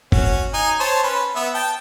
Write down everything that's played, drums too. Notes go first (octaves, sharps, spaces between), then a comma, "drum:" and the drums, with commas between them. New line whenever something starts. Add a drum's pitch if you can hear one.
C#4 F#4, drum: kick
D#4 G#5
C5 C#5 A5
C#4 B4
B3 E5
G5 A5